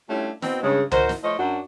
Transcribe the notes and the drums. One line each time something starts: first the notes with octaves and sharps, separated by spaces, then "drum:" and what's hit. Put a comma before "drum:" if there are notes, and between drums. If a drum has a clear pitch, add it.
G3 A3 C#4 D4 E4 F4
B2 C4, drum: snare
G2 C#3 G#3
D#4 F#4 A#4 C5, drum: tom C#2
drum: snare
F3 A3 C5 C#5 D#5
F#2 D4 F#4